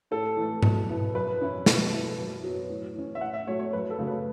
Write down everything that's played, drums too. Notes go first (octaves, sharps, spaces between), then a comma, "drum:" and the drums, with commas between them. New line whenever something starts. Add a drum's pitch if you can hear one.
A2 A4
E3 A3
B2, drum: tom G#2
B3 E4
F#2 B4
E3 C#4 E4
B2, drum: snare
B3 E4
F#2
F#3 B3
A2
E3 C#4
E5
A2 F#5
E5
F#3 A3 C#5
C#5
F#2 B4
A4
C#3 F#3 A3 C#4
B4